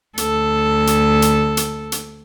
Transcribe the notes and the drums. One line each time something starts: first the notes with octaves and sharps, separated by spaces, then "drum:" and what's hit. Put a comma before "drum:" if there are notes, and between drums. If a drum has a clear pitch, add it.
D2 A4, drum: hi-hat
drum: hi-hat
drum: hi-hat
drum: hi-hat
drum: hi-hat